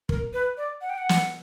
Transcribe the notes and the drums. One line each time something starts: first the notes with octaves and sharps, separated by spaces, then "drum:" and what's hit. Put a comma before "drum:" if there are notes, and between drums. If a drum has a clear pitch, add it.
A#4, drum: kick
B4
D5
F#5
G5
F#5
drum: snare